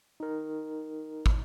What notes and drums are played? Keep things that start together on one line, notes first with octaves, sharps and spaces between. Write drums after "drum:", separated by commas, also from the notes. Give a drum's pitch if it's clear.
D#4 A#4
drum: kick